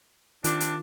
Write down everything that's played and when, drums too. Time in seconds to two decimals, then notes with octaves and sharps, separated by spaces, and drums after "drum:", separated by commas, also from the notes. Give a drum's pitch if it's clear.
0.44 C3 D#3 D4 F4, drum: hi-hat
0.60 drum: hi-hat